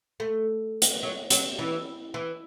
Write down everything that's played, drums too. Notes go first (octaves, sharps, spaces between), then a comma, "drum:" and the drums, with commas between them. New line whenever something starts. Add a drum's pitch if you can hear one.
A3
drum: hi-hat
F#3
F#3, drum: hi-hat
E3
E3